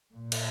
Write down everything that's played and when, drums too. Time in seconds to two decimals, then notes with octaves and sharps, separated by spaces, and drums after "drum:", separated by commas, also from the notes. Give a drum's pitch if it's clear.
0.13 A#2
0.32 drum: cymbal